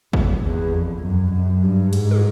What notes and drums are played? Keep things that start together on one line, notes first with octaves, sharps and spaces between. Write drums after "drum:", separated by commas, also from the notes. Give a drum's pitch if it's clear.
F2, drum: kick G#1
E2
F2
F#2
F#2
G2
G#2, drum: cymbal
drum: tom